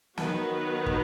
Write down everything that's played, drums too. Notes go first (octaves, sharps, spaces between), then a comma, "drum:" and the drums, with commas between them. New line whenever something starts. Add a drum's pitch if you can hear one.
D#3 F#3 B3 F#4 B4, drum: snare
drum: kick